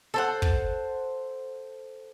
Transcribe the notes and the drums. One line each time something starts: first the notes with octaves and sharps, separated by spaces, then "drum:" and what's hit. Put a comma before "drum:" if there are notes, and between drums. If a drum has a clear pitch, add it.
A4 C5 F#5
drum: kick